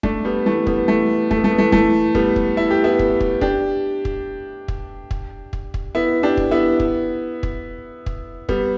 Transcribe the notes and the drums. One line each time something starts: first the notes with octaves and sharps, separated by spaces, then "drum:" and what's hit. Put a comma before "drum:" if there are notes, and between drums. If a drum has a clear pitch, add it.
A3 D4, drum: kick
G3 B3
E3 A3
G3 B3, drum: kick
E3 A3
A3, drum: kick
B3
A3
B3
E3 A3
E3 A3, drum: kick
G3 B3, drum: kick
drum: kick
E4
G4
B3 E4
drum: kick
drum: kick
D4 G4, drum: kick
drum: kick
drum: kick
drum: kick
drum: kick
drum: kick
B3 E4
D4 G4
drum: kick
B3 E4
drum: kick
drum: kick
drum: kick
G3 B3, drum: kick